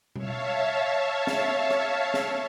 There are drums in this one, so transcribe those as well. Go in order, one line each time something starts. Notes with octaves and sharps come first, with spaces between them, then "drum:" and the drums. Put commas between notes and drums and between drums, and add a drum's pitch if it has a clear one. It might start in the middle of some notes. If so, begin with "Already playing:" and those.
C#5 E5 F5 A5, drum: tom B2
drum: snare
drum: rim click
drum: snare